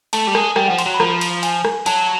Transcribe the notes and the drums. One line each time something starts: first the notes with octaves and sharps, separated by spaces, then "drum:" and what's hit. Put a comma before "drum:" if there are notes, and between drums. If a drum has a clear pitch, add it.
A3 A5, drum: cymbal
G3
G#3 G#5, drum: rim click
G3 G5, drum: rim click
F#5
F3
C6, drum: cymbal
F#3
B5
F3 A#5, drum: rim click
drum: cymbal
G#5, drum: cymbal
drum: rim click
F#3 A5, drum: cymbal